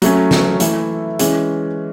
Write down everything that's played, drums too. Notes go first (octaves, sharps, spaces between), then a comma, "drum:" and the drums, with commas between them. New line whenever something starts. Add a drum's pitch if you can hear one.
F#3 A3 C#4, drum: hi-hat
drum: snare
E3 A3 E4, drum: hi-hat
E3 G#3 C#4, drum: hi-hat